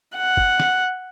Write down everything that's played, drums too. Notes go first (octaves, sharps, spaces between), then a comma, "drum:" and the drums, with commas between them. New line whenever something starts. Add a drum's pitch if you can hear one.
F#5
drum: kick
drum: snare